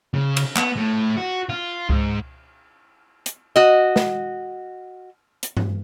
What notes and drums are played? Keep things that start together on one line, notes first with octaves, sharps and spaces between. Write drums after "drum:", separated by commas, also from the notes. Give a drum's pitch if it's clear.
C#3
drum: cymbal
B3, drum: clap
A2
F#4
F4
G#2, drum: kick C#2
drum: hi-hat
F#4 D#5
drum: snare
drum: hi-hat
drum: tom G2